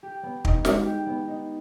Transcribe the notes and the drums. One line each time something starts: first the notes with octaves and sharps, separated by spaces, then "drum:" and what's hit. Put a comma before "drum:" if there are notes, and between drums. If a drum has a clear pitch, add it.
G4
B3
D#4, drum: kick
G#3, drum: snare
G4
B3
D#4